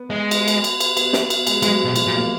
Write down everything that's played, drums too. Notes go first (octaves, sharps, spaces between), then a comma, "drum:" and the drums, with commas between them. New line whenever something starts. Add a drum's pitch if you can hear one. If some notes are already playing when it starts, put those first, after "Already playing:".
Already playing: B3
G#3
drum: cymbal
drum: cymbal
drum: cymbal
drum: cymbal
B3, drum: cymbal
B3, drum: snare
B3, drum: cymbal
G#3, drum: cymbal
F#3 G#3, drum: cymbal
B2
F3, drum: cymbal
A#2
A#3